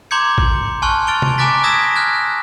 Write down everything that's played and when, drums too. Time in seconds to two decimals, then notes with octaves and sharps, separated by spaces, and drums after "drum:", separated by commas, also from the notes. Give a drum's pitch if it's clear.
0.11 A#5 C6 D6 G6 G#6 C#7
0.38 drum: kick A1
0.82 G#5 A5 C6 C#6 F6 F#6
1.07 F6 A6 D7 F7 G7
1.22 drum: tom
1.38 G#5 A#5 D6 F#6 A6 B6
1.63 D#6 E6 G#6 A#6 B6 E7
1.96 F6 F#6 G#6